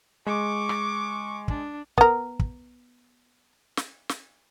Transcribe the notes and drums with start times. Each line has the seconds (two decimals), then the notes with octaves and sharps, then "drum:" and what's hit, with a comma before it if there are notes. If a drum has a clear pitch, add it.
0.26 G#3 C#6 D6
0.69 drum: rim click
1.48 D4, drum: kick
1.98 B3 A#4, drum: kick
2.39 drum: kick
3.77 drum: snare
4.09 drum: snare